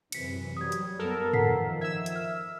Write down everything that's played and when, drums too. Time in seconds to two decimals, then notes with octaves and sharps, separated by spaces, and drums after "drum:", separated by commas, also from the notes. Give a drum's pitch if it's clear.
0.12 F#2 C3 E3 B6 C#7, drum: cymbal
0.57 F#3 G3 D#6 G#6
0.72 drum: hi-hat
0.99 G2 B3 A4 A#4
1.33 D#3 F3 F#5 B6 C7, drum: tom
1.81 E5 E6 G#6
2.06 drum: hi-hat
2.16 F6